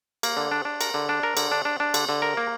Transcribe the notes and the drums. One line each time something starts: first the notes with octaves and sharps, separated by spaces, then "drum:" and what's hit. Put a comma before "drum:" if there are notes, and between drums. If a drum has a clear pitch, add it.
A#3, drum: cymbal
D3
D4
D4
A#4, drum: cymbal
D3
D4
A#4
D3, drum: cymbal
D4
D4
D4
D3, drum: cymbal
D3
A#4
A#3